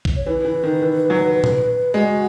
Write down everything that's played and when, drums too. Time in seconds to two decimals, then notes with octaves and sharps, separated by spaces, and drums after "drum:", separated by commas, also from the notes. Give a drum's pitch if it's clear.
0.05 drum: kick
0.16 C#5
0.26 E3 B4
0.45 E3
0.64 D#3
0.82 E3
1.10 F#3
1.44 drum: tom A#2
1.94 G#3 F#4